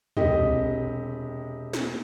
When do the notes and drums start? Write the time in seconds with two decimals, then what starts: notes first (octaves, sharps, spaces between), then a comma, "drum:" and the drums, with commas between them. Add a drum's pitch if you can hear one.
0.17 E1 C3 G4 D#5, drum: tom
1.73 drum: snare